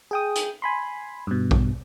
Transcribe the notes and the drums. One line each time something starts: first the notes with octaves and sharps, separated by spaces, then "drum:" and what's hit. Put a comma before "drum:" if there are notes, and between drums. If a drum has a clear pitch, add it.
G#4 G5 D#6
drum: hi-hat
G#5 B5 C6
G2 B2
drum: kick A#1